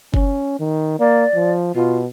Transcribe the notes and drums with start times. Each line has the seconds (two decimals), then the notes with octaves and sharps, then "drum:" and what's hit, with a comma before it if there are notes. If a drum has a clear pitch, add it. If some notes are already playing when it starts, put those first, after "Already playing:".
0.14 C#4, drum: kick F#1
0.60 D#3
1.00 A#3 D5
1.35 F3
1.75 B2 F4